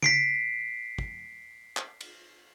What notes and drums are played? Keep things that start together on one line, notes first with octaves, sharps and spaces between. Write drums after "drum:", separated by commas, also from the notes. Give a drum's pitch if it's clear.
B6 C7 D7, drum: tom C#3
drum: kick
drum: clap
drum: cymbal